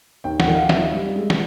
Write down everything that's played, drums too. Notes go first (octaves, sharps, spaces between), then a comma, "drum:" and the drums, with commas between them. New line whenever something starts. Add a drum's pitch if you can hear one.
D#2 G5
F#5, drum: snare
D#3
F5
D#2 E5, drum: snare
G3
G#3
drum: snare